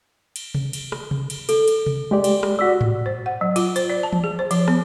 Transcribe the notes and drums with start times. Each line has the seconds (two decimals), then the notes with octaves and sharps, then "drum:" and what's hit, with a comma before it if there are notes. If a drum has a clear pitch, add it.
0.36 drum: cymbal
0.55 drum: tom C3
0.73 drum: cymbal
0.92 drum: rim click
1.11 drum: tom C3
1.30 drum: cymbal
1.49 A4, drum: cymbal
1.68 drum: cymbal
1.86 drum: tom C3
2.11 G#3 G4 D5
2.24 drum: cymbal
2.43 drum: rim click
2.59 F#4 D5 E6 B6
2.81 drum: tom G#2
3.06 C5
3.26 F#5
3.41 F#3
3.56 F4, drum: cymbal
3.76 C5, drum: cymbal
3.90 D5
4.03 A5
4.13 drum: tom E3
4.24 G#4
4.39 C5
4.51 F3, drum: cymbal
4.68 B3, drum: rim click